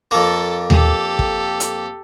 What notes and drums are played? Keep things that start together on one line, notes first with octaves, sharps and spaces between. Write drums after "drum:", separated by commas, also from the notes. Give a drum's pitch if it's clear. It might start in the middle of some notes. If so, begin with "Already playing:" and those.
F2 A#3 A4
G4 A4, drum: tom D#2
drum: kick
drum: hi-hat